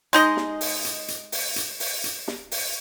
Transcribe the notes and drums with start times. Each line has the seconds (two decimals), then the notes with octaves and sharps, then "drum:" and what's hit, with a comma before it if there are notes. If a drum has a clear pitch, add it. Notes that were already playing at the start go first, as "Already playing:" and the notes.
0.13 G#3 D#4 D#5, drum: hi-hat
0.37 drum: snare
0.61 drum: open hi-hat
0.85 drum: hi-hat
1.08 drum: hi-hat
1.32 drum: open hi-hat
1.56 drum: hi-hat
1.80 drum: open hi-hat
2.04 drum: hi-hat
2.28 drum: snare
2.52 drum: open hi-hat